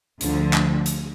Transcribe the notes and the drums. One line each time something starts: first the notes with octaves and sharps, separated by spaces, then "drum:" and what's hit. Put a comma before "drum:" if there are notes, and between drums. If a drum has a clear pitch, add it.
D2 D3 F3, drum: hi-hat
drum: clap
drum: hi-hat